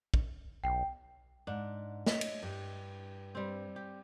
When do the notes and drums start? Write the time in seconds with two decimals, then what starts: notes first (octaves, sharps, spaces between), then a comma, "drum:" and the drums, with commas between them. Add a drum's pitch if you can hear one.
0.14 drum: kick
0.64 B1 G5
1.47 G#2 D4
2.06 C#5 D#5 E5, drum: snare
2.21 drum: cymbal
2.43 G2
3.35 G3 C4
3.76 G4